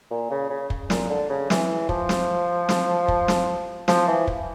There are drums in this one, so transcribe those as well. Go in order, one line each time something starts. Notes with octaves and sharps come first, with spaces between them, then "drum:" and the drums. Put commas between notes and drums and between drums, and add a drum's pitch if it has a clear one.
A#2
C#3
C#3
drum: kick
A#2, drum: snare
D3
C#3
E3, drum: snare
F3, drum: kick
drum: snare
drum: snare
drum: kick
drum: snare
F3, drum: snare
E3
drum: kick